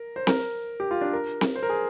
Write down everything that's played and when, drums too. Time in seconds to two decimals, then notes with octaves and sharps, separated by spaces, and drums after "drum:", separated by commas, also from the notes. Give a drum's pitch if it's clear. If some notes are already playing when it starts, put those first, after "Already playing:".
Already playing: A#4
0.16 C5
0.27 A#4, drum: snare C4
0.80 G4
0.91 F4
1.01 D4
1.13 A#4
1.41 drum: snare C4
1.56 C5
1.63 A#4
1.69 G#4